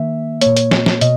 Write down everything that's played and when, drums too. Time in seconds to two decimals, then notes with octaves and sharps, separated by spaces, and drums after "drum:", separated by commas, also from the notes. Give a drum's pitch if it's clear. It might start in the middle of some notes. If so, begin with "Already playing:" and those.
Already playing: D#3 A#3 E5
0.41 A#2 A#3 C#5, drum: hi-hat
0.56 drum: hi-hat
0.71 drum: snare
0.86 drum: snare
1.01 B2 D#5, drum: hi-hat